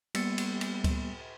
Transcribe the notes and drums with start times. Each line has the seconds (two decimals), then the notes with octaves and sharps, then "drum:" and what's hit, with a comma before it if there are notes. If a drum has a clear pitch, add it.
0.15 G3 A#3 B3 E6 A6 C#7, drum: cymbal
0.38 drum: cymbal
0.61 drum: cymbal
0.84 drum: kick C#2, cymbal